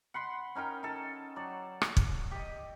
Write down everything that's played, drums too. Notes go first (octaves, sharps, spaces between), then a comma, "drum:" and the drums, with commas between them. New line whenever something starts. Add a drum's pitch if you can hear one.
F#5 B5 C6
C#4 D#4 A#4 G5
D#4 A4
F#3 D5
drum: rim click
drum: kick
G4 D#5